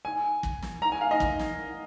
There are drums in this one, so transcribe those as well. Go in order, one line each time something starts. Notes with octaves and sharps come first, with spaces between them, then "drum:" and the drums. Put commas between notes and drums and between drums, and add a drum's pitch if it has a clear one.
G#5
drum: kick
drum: snare
A#5
G#5
F5
D#5
drum: kick
drum: snare